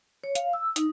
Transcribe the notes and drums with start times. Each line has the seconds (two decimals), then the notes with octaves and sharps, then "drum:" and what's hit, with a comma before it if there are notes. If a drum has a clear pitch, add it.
0.24 C#5
0.35 F5, drum: hi-hat
0.53 E6
0.76 D#4, drum: hi-hat